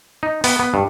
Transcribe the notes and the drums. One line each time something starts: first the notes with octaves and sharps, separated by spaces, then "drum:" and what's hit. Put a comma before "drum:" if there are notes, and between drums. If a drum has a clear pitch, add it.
D#4
B3, drum: open hi-hat
B3
G2